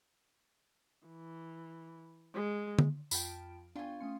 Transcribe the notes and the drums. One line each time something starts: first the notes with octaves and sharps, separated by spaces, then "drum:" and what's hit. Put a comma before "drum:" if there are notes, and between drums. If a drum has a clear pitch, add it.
E3
G#3
drum: tom D3
F2 F4 G5 A5 B5 D7, drum: tambourine
B3 D4 F4 G5 G#5 C#6
A3 C#4 C6 D#6 C#7